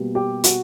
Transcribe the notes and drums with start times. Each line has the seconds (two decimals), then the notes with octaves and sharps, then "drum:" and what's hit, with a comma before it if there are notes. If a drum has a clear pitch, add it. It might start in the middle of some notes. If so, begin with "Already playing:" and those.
Already playing: B2 G3 A#3
0.15 G4
0.44 F#4, drum: hi-hat